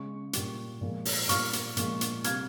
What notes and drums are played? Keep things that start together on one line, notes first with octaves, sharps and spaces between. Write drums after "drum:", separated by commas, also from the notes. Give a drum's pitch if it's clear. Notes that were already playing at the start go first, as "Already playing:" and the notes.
Already playing: C#3 G#3 C#6
A#2 G3, drum: hi-hat
A#2 F3 G#3
drum: open hi-hat
A#2 G3 C#6 F6, drum: hi-hat
drum: hi-hat
A#2 F3 G#3, drum: hi-hat
drum: hi-hat
C3 G3 F6 G#6, drum: hi-hat